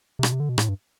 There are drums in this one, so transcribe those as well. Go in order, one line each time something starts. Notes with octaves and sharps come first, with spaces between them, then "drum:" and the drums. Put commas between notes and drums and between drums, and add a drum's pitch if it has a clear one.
C3
B2, drum: rim click
C3
D3
B2
A2, drum: rim click
G2